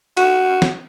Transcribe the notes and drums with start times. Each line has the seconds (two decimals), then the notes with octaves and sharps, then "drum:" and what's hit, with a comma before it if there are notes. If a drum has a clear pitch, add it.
0.17 F#4, drum: cymbal
0.62 drum: snare